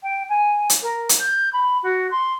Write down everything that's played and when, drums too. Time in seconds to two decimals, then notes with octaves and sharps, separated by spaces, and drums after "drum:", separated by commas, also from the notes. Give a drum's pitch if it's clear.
0.03 G5
0.29 G#5
0.70 drum: hi-hat
0.82 A#4
1.09 drum: hi-hat
1.19 G6
1.53 B5
1.83 F#4
2.11 C6